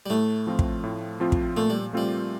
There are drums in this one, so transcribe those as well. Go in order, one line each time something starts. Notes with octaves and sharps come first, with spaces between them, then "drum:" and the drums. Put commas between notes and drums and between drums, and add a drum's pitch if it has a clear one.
G3
A2 A3
F3 C4 F4
drum: kick
A2
F3 C4 F4
drum: kick
A#2 A3
G3
G3 A3 C4 F4